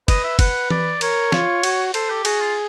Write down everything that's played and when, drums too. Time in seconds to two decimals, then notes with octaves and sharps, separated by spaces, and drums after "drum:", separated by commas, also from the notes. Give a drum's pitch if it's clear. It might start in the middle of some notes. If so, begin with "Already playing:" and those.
0.08 B4 D#5, drum: kick, cymbal
0.24 E5
0.39 B4 F#5, drum: kick, cymbal
0.70 D5, drum: tom E3
1.01 A#4 C#5, drum: cymbal
1.32 F4, drum: snare
1.63 F#4, drum: cymbal
1.94 A4 C5, drum: cymbal
2.10 G4
2.25 F#4 G#4, drum: cymbal
2.40 F4